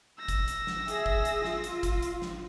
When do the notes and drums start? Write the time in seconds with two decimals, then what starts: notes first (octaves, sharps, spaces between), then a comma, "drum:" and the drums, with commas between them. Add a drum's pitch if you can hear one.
0.19 E6 A#6
0.28 drum: kick, hi-hat
0.48 drum: hi-hat
0.67 drum: snare
0.88 G#4 E5, drum: hi-hat
1.06 drum: kick
1.25 drum: hi-hat
1.44 F4, drum: snare
1.64 drum: hi-hat
1.83 drum: kick, hi-hat
2.02 drum: hi-hat
2.22 drum: snare